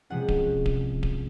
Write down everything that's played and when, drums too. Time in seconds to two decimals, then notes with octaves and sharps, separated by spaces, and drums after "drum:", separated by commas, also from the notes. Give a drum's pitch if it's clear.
0.10 C3 F3 G#3 C#4 F#5
0.28 drum: kick D1
0.66 drum: kick D1
1.03 drum: kick D1